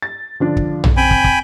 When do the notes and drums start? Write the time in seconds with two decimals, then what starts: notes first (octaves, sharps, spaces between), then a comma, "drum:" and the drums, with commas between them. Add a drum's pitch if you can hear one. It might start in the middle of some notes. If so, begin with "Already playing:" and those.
0.02 A6
0.40 D3 F3 D4
0.57 drum: kick
0.84 drum: tom A#1
0.97 C4 G5 G#5 B5
1.11 drum: kick
1.24 drum: kick